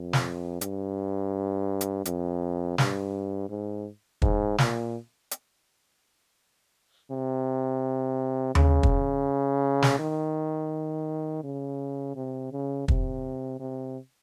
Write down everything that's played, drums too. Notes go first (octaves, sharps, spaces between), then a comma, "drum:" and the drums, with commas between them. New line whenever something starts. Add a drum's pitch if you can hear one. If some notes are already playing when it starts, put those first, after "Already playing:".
Already playing: F2
drum: snare
G2, drum: hi-hat
drum: hi-hat
F2, drum: hi-hat
G2, drum: snare
G#2
G#2, drum: kick
A#2, drum: snare
drum: hi-hat
C3
C#3, drum: tom D#2
drum: kick
drum: snare
D#3
C#3
C3
C#3
C3, drum: kick
C3